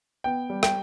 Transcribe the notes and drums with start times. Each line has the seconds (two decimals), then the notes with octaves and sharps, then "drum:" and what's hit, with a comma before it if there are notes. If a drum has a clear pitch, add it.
0.24 B3 G5
0.50 G3
0.63 G5, drum: rim click